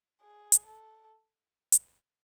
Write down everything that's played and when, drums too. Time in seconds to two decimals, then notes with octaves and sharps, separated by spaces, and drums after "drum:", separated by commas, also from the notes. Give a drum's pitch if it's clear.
0.22 G#4
0.52 drum: hi-hat
0.67 A4
1.72 drum: hi-hat